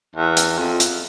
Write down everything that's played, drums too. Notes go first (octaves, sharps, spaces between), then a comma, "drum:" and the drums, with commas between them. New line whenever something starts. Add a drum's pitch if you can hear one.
E2
drum: hi-hat
F2
drum: hi-hat